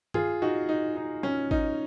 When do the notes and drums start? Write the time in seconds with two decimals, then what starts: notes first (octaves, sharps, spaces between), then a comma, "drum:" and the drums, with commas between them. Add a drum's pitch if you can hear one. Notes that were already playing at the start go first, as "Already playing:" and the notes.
0.14 F4 G#4, drum: tom G2
0.42 D#4 F#4
0.69 D#4
0.96 D#4
1.23 C#4
1.51 D#4, drum: kick G#1